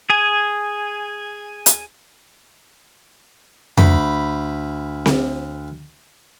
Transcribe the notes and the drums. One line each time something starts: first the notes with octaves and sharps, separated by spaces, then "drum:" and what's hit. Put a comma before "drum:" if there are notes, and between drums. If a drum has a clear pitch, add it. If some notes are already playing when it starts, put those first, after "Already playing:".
G#4 G#5
drum: hi-hat
D2 B5, drum: tom F2
drum: snare C4